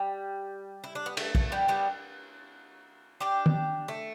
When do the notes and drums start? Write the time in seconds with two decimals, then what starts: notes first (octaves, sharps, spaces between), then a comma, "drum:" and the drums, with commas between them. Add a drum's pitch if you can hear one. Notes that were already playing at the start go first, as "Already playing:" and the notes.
Already playing: G3
0.84 E4
0.95 D4
1.06 B3
1.17 A3, drum: cymbal
1.35 A3, drum: kick
1.52 G3 B3
1.68 G3 B3
3.20 D4 G4
3.46 drum: tom D#3
3.88 A3